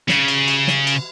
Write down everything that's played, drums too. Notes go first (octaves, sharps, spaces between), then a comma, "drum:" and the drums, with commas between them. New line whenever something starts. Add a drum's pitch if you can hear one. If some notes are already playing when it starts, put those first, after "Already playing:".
C#3, drum: snare
drum: cymbal
drum: cymbal
drum: snare
drum: cymbal